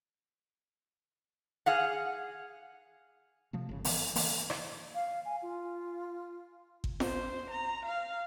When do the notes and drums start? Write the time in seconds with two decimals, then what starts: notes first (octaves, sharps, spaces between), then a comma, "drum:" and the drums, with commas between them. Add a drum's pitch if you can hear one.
1.66 G#4 F5 F#5
3.53 C3 F3 A3
3.69 G1 C#3
3.85 E3 F3 B3, drum: open hi-hat
4.16 E3 A#3, drum: open hi-hat
4.50 drum: rim click
4.95 F5
5.25 G#5
5.42 F4
6.84 drum: kick G#1
7.00 C5, drum: snare F4
7.51 A#5
7.86 F5